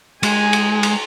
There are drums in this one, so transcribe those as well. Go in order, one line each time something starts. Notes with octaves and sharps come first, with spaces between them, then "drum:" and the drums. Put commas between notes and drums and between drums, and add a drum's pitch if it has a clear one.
G#3 G#5, drum: cymbal
drum: cymbal
drum: cymbal